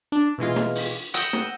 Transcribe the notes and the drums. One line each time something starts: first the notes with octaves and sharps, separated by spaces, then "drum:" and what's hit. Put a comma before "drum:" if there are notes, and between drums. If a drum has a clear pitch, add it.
D4
B2 E3 G#3 F4
drum: snare
drum: open hi-hat
F#5 G5 D#6 E6 G6 A#6, drum: hi-hat
drum: snare